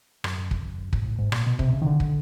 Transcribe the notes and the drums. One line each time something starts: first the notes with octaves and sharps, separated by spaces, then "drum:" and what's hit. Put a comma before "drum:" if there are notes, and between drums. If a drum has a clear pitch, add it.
F#2, drum: rim click
F#2
F2, drum: kick
F#2
F#2
G#2, drum: kick
A2
G#2
A#2, drum: rim click
B2
C3, drum: kick
C#3
D#3
D3
drum: kick